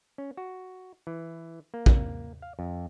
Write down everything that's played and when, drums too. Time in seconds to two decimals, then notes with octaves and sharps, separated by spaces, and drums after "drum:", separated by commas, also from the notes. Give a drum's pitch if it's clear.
0.18 C#4
0.37 F#4
1.07 E3
1.74 A#3
1.86 drum: kick A#1
2.42 F5
2.59 F2